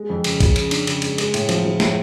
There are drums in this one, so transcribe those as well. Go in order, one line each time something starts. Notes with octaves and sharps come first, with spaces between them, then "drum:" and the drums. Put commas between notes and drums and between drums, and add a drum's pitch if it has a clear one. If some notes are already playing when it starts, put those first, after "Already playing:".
Already playing: G#3
F2
C#3, drum: cymbal
C#3, drum: kick, cymbal
C#3, drum: cymbal
D4, drum: cymbal
C#3, drum: cymbal
G#3, drum: cymbal
G#3, drum: cymbal
A2, drum: cymbal
F3, drum: cymbal
F3
A2, drum: snare